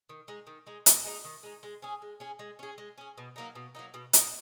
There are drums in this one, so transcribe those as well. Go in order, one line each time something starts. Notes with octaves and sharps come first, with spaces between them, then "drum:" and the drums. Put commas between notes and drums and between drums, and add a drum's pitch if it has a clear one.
D#3
G#3 D#4
D#3
G#3 D#4
D#3, drum: hi-hat
G#3 D#4
D#3
G#3 D#4
G#3
C#4 G#4
G#3
C#4 G#4
G#3
C#4 G#4
G#3
C#4 G#4
B2
F#3 A#3 D#4
B2
F#3 A#3 D#4
B2
F#3 A#3 D#4, drum: hi-hat